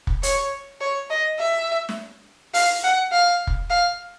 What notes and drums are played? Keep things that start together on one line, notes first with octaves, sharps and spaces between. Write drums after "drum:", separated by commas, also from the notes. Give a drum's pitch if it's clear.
drum: kick
C#5, drum: hi-hat
C#5
D#5
E5
drum: snare
F5, drum: open hi-hat
F#5
F5
drum: kick
F5